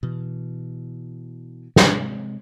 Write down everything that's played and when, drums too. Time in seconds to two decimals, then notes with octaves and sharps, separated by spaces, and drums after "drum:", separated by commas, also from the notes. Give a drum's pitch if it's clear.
0.03 B2 E3
1.76 C3 G#3, drum: snare